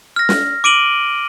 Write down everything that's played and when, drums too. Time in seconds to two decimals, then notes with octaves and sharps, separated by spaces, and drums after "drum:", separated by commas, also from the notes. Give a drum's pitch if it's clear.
0.16 F6 A#6
0.29 drum: snare
0.64 D6 D7 D#7 F#7 G7